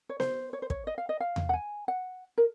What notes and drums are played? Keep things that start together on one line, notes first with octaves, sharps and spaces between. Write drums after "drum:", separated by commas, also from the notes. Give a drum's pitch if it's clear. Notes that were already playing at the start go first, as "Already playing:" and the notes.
C#5
C5, drum: snare B3
C#5
C5
C#5, drum: kick
D#5
F5
D#5
F5
drum: tom E2
F#5
G#5
F#5
A#4